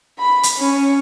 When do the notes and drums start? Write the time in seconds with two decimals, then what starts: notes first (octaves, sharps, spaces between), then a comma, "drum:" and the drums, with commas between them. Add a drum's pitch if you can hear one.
0.19 B5
0.43 drum: hi-hat
0.59 C#4